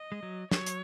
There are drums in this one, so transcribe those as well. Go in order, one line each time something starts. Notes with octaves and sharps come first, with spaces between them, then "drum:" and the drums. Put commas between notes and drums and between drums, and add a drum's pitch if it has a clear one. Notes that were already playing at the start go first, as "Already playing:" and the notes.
Already playing: D#5
G#3
F#3
F#3 C#5, drum: snare
drum: hi-hat